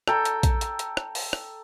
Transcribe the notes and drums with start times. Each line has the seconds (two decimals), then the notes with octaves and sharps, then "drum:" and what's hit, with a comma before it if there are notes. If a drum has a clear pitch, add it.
0.08 A4 G5 A#5, drum: rim click
0.25 drum: hi-hat
0.43 drum: kick A#1, hi-hat
0.61 drum: hi-hat
0.79 drum: hi-hat
0.97 drum: rim click
1.15 drum: open hi-hat
1.33 drum: rim click